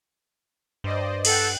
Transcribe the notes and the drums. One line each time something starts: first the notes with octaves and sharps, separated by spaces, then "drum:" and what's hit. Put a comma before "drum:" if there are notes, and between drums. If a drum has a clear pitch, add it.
G2 C5 D5 D#5
A4 F#5 G5 F#6, drum: cymbal